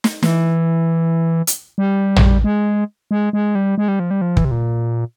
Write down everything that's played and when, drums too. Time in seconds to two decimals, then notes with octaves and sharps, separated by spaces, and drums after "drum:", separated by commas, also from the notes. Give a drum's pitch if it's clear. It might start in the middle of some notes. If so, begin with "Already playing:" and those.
0.04 drum: snare
0.23 E3, drum: snare
1.47 drum: hi-hat
1.78 G3
2.16 drum: tom
2.44 G#3
3.11 G#3
3.33 G#3
3.55 G3
3.78 G#3
3.88 G3
4.00 F3
4.11 G3
4.21 F3
4.37 E3, drum: kick
4.45 C3
4.51 A#2